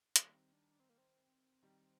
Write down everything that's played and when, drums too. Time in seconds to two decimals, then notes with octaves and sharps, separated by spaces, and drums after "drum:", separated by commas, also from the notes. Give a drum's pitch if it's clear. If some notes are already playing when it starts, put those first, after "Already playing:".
0.16 D#3 G3 A#3, drum: hi-hat
0.35 C4
0.53 D4
0.71 D4
0.80 C4
0.89 A#3
0.98 C4
1.63 D#3 G3